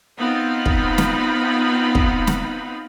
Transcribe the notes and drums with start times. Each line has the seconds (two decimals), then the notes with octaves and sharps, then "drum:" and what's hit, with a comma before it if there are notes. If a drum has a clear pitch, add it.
0.17 B3 C4 D#4 F4 B5
0.66 drum: kick
0.98 drum: snare
1.95 drum: kick
2.27 drum: snare